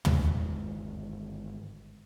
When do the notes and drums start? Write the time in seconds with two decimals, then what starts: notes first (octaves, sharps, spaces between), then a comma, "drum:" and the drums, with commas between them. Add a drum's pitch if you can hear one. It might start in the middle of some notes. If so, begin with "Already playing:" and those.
0.05 G1 G#2 D#3 E3, drum: tom